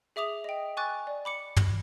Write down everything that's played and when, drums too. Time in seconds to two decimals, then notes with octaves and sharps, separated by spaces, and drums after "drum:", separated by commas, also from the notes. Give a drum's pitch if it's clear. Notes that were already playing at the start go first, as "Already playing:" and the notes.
0.16 G#4 E5 D6 D#6 F7
0.44 D#5 G5
0.77 G#5 C#6 D6 F#6 A6
1.07 D5
1.25 B5 D6 C#7
1.57 drum: tom